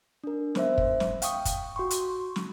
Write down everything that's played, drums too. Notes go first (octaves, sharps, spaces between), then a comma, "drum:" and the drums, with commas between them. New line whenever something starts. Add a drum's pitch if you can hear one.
D4 A#4
B3 C5 E5, drum: snare
drum: kick
drum: snare
F5 G5 C#6 D#6, drum: hi-hat
drum: kick, hi-hat
F#4 C6 C#6
drum: hi-hat
drum: snare